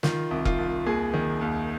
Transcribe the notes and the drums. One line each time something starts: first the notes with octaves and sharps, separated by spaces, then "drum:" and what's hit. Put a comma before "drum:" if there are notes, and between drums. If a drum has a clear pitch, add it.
D#3 F4, drum: snare
C2
F4, drum: kick F1
C2
D#2 G#4
D#3
D#2